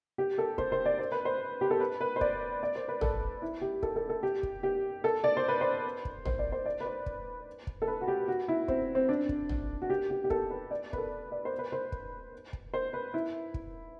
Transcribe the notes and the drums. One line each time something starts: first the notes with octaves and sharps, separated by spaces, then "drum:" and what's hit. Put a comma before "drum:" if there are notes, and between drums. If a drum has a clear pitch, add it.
G4
A4
C5, drum: kick
C5
D5
C5
B4
C5
G4
A4
B4
B4
C5
D5, drum: kick
D5
C5
B4
A4, drum: tom
E4
G4
A4, drum: kick
A4
A4
G4
drum: kick
G4
A4
D5
C5
B4
C5
drum: kick
C5, drum: tom
D5
C5
D5
B4
C5
drum: kick
drum: kick
A4
B4
F#4
G4
F#4
E4
C4, drum: kick
C4
D4
drum: kick
drum: tom
F#4
G4
G4
G4
A4, drum: kick
B4
D5
B4, drum: kick
A4
D5
C5
B4
C5
drum: kick
drum: kick
C5
B4
E4
drum: kick